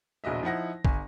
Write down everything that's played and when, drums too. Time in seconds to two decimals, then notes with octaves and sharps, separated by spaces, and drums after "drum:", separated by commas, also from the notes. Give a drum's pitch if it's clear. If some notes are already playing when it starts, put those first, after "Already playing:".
0.24 E1 A#1 F#4 D#5 E5
0.43 F3 D#4 E4 F#5 A#6
0.85 G1 G#5, drum: kick